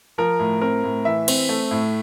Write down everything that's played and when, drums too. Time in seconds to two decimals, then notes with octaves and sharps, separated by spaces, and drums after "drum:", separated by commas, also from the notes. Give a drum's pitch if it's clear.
0.18 F3 A#4
0.39 A2
0.62 C4 A#4
0.84 A2
1.05 E3 E5
1.28 C4, drum: cymbal
1.49 A3
1.71 A2